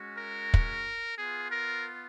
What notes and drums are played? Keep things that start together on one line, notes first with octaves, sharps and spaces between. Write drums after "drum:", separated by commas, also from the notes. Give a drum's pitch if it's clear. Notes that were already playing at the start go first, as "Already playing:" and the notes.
Already playing: G#3 C#4 F#4
A#4
drum: kick
B3 F4 G#4
A#4